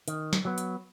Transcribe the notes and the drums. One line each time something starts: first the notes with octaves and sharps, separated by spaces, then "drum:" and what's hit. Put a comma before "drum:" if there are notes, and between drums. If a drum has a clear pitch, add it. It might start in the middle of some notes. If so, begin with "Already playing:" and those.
D#3, drum: hi-hat
drum: snare
F#3 B3
drum: hi-hat